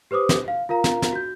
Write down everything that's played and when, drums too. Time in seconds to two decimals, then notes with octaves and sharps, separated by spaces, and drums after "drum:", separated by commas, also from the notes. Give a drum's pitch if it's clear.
0.11 G4 B4 C5 D6 D#6
0.29 drum: snare
0.48 F5
0.69 F4 A#4 F5 A#5
0.84 drum: snare
1.02 drum: snare
1.13 F#4 G6